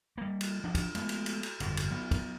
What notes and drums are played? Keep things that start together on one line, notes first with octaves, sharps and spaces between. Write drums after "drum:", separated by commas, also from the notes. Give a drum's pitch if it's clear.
G3 A#3
drum: cymbal
F3 D4
drum: kick, cymbal
G#3 A3 B3, drum: cymbal
drum: cymbal
drum: cymbal
drum: cymbal
G1 F2 G#2, drum: cymbal
drum: cymbal
F#3 B3
drum: kick, cymbal